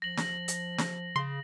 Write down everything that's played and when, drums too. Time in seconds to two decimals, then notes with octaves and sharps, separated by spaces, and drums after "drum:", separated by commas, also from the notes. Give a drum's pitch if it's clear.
0.02 F3 A#6 F#7
0.17 drum: snare
0.48 drum: hi-hat
0.78 drum: snare
1.16 C#3 C6